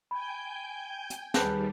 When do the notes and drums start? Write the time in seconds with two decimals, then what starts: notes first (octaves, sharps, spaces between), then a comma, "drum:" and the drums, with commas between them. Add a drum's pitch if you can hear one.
0.11 G5 G#5 B5 G6
1.10 drum: hi-hat
1.34 D#2 G3 G#4 B4 A5 F#6 G6, drum: snare